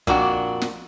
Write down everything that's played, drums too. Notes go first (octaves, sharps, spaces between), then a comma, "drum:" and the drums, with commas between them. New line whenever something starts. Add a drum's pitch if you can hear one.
F2 A#2 D4 F#4, drum: kick
drum: snare